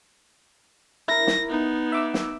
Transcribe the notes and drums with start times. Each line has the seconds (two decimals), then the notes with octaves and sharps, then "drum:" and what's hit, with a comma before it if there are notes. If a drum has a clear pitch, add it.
1.08 E4 A#4 A#6
1.27 drum: snare
1.49 B3 D#4
1.92 E5 D6 E6
2.14 drum: snare